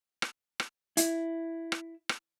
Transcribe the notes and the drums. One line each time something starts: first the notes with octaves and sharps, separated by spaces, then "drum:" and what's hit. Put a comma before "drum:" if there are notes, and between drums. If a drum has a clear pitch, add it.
drum: rim click
drum: rim click
E4, drum: hi-hat
drum: rim click
drum: rim click